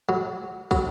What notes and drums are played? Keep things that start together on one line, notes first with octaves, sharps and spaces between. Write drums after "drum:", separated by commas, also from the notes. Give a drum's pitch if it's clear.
F#3
F#3, drum: kick, tambourine